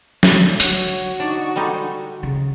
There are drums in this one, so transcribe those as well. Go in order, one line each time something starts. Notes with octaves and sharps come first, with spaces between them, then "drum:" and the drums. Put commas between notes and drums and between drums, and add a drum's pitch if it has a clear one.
drum: snare
D3 F#4 C#5, drum: hi-hat
D4 D#4
G3 G#3 D#4 A4
C#3